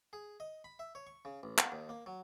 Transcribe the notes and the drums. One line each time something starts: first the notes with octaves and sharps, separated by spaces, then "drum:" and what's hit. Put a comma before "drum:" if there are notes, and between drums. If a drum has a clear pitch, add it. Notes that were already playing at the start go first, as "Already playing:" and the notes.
G#4
D#5
B5
E5
C#5
C#6
C#3
A1
F#5, drum: clap
D#2
A#3
F#3